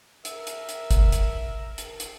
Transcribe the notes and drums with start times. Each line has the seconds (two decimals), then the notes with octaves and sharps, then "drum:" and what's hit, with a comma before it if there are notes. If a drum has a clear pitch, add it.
0.25 A#4 E5, drum: hi-hat
0.47 drum: hi-hat
0.69 drum: hi-hat
0.91 drum: kick, hi-hat
1.12 drum: hi-hat
1.78 drum: hi-hat
2.00 drum: hi-hat